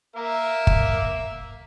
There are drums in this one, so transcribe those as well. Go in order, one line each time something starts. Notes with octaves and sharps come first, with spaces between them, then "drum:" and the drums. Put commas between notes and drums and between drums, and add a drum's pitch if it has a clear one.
A#3 A#4 E5
drum: kick